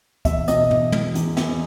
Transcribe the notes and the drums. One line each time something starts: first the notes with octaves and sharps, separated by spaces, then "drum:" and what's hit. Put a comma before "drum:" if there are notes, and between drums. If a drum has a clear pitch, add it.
E2 E5, drum: kick, hi-hat
B2 D#5, drum: hi-hat
E2, drum: tom
E2, drum: tom
E2, drum: hi-hat
E2, drum: snare